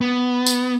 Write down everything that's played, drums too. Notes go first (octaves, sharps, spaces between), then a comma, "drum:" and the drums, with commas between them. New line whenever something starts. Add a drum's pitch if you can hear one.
B3
drum: tambourine